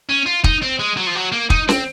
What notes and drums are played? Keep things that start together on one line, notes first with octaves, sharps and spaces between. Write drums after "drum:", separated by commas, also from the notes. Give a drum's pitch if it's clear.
C#4
F4
D#4, drum: kick
C4
G#3
F#3
F3
F#3
A#3
D#4, drum: kick
C4, drum: snare C#4